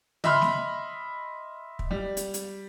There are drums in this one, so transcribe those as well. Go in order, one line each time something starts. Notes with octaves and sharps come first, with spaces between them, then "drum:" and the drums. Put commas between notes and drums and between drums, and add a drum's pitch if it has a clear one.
D#5 E5 B5 C6 F6, drum: tom C#3
drum: snare
drum: kick
G3
drum: hi-hat
drum: hi-hat